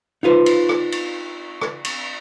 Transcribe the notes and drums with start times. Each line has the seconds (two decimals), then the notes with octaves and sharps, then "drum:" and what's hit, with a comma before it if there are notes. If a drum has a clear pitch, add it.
0.23 D#4 F4 B4 C5
0.46 drum: cymbal
0.69 drum: rim click
0.92 drum: cymbal
1.61 drum: rim click
1.85 drum: cymbal